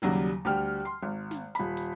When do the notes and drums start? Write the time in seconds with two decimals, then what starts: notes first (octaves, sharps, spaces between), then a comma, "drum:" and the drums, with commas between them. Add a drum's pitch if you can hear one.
0.02 D#2 C#3 F#3 G3
0.45 D2 G3 G5 F6
0.85 C6
1.03 G#1
1.31 drum: snare
1.55 D#1 B5, drum: hi-hat
1.77 drum: hi-hat